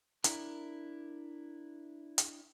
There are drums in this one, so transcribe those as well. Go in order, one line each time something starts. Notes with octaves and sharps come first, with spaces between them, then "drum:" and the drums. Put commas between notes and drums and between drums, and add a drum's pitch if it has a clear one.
D4 E4 A#4, drum: hi-hat
drum: hi-hat